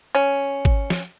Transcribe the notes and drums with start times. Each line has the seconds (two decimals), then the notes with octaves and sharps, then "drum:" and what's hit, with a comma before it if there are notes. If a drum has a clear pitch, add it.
0.15 C#4
0.65 drum: kick
0.90 drum: snare